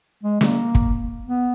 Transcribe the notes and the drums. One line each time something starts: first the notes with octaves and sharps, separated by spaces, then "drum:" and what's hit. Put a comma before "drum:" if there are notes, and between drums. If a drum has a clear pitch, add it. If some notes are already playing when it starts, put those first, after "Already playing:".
G#3
A#3, drum: snare
drum: kick
B3